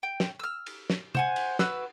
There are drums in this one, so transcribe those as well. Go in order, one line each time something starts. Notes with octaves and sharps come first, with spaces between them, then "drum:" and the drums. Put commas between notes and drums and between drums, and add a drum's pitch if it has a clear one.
G5
drum: snare
E6 F6
drum: cymbal
drum: snare
C5 F#5 G#5, drum: tom C3
drum: cymbal
F#4 B4 E6 F#6, drum: snare